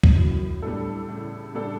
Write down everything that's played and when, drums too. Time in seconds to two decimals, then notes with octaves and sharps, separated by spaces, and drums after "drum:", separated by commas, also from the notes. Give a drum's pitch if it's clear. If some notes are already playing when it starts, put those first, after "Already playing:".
0.03 drum: kick
0.15 F#2 A2
0.62 A2 G3 D4 A4
1.08 A2 C#3
1.55 G3 D4 A4